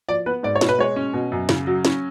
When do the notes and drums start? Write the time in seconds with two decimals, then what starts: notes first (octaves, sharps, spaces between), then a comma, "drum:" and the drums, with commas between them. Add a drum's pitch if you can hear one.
0.09 F3 D5
0.26 B3 B4
0.43 G#2 D5
0.56 C#5
0.61 B2, drum: snare
0.69 B4
0.79 G#3 C#5
0.96 C#4
1.14 B2
1.32 F#2
1.49 C#3, drum: snare
1.67 F#3
1.85 C#4, drum: snare